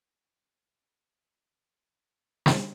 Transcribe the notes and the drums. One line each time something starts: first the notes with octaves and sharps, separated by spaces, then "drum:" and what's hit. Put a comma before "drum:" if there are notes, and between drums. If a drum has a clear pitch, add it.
G#4 A4 D5 D#5 F5 G#5
G#2 G3 A4
C#2 F#2 A#2 G3 D5
drum: snare